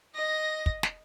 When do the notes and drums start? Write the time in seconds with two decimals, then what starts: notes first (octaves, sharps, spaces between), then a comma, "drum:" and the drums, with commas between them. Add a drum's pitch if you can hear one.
0.15 D#5 A#6
0.66 drum: kick
0.83 drum: snare